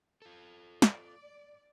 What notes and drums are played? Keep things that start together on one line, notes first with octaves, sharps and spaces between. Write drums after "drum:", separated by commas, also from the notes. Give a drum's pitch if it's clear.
F4 A4
D5, drum: snare